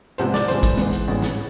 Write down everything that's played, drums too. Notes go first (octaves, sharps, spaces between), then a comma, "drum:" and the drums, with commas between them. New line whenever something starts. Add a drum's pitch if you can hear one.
C2 C3 F3 G#3 B3 C5, drum: hi-hat
D5, drum: snare
F1 F2 E3 G#3 C5, drum: hi-hat
drum: kick G#1, hi-hat
G#2 E3 B3, drum: hi-hat
drum: hi-hat
A1 G#2 G#3 B3
drum: snare